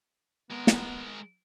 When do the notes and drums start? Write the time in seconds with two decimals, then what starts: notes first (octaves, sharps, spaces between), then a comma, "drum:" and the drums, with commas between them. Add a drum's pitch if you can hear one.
0.50 G#3 B3 A#4
0.67 drum: snare